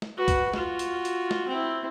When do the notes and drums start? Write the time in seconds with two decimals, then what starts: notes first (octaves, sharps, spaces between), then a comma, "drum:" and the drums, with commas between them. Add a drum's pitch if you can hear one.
0.02 drum: snare
0.18 F#4 B4
0.28 drum: kick, hi-hat
0.54 F4 F#4, drum: snare
0.79 drum: hi-hat
1.05 drum: hi-hat
1.31 drum: snare
1.48 C4 E4